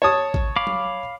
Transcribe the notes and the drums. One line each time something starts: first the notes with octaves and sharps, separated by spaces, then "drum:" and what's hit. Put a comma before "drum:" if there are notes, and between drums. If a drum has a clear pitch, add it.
C#5 A5 D#6
drum: kick
F5 B5 D6
drum: tom F#3